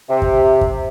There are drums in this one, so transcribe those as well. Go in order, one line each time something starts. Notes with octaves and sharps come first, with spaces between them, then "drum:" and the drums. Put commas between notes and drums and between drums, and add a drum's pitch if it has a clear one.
C3
drum: kick
drum: kick